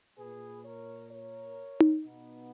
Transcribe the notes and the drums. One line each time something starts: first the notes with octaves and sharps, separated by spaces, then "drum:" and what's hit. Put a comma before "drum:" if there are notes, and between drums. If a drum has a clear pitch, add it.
A#2 G#4 B4
A#4 C#5
A#4 C#5
drum: tom D#4
B2 B3 D#4